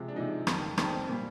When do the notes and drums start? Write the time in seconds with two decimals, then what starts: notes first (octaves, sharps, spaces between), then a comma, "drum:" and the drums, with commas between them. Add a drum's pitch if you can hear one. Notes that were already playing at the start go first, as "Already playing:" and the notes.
Already playing: C3 F3 G#3
0.08 D4
0.16 C3 F3 G#3 D#4
0.47 F2 D#3 G3, drum: rim click
0.78 F2 D#3 G3 C4, drum: rim click
0.93 C4
1.09 A#2 G3